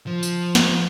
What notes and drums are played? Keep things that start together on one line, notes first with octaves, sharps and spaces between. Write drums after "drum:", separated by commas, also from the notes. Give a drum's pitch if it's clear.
F3
drum: tambourine
drum: snare